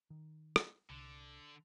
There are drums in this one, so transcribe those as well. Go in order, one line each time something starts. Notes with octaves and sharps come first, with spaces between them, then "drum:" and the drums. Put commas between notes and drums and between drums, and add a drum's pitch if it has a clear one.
D#3
drum: rim click
C2 D3